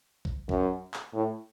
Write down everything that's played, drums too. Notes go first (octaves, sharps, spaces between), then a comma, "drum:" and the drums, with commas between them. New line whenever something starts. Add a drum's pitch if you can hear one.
drum: kick A1
F#2, drum: kick A1
drum: clap
A2